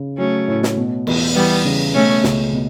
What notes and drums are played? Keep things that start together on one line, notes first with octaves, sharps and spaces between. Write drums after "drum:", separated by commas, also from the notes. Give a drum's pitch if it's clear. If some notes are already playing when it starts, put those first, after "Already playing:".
Already playing: C#3
F#3 A3 C#4
A2
drum: snare
B2
E2, drum: cymbal
E3 G3 B3
C#3
B2 A3 C#4
C#2, drum: snare
B2